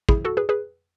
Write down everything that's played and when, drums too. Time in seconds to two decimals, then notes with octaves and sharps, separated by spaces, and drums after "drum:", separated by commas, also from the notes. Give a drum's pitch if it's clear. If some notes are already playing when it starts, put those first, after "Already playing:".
0.09 E4 G#4, drum: kick
0.25 F#4 A4
0.37 G#4 B4
0.49 G#4 B4